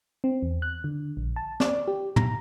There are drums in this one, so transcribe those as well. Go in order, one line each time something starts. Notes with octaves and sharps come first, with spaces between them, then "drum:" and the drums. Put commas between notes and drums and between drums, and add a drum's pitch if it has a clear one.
C4
E2
F#6
D3
A#1
A5
D5, drum: snare
G4
A#5, drum: tom